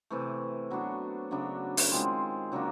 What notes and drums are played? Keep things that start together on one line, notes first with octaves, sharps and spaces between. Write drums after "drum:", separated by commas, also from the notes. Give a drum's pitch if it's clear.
C3 E3 A3
F#3 B3 D4 F#4
C#3 F#3 B3 D4
drum: open hi-hat
D#3 G#3 C4 F4
C#3 F#3 A#3 D4